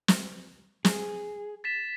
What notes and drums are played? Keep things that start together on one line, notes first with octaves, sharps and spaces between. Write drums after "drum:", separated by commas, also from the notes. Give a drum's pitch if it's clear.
drum: snare
G#4, drum: snare
A6 B6 E7